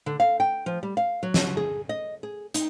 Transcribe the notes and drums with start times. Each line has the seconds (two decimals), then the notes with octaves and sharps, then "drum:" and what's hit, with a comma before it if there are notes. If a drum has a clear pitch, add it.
0.06 D3
0.20 F5
0.40 G5
0.66 F3
0.83 G3
0.97 F5
1.23 F#3
1.34 drum: snare
1.57 G#4
1.89 D#5
2.23 G#4
2.54 D#4, drum: hi-hat